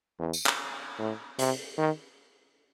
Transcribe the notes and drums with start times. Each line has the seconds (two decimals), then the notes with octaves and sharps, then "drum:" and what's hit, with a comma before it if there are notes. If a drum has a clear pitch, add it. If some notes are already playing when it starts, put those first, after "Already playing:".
0.19 E2
0.33 drum: tambourine
0.46 drum: clap
0.99 A2
1.39 C3, drum: hi-hat
1.78 D#3